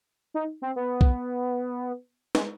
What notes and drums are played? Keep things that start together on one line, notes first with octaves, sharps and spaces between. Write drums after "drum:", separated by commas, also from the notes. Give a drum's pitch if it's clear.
D#4
C4
B3
drum: kick B1
G#3, drum: snare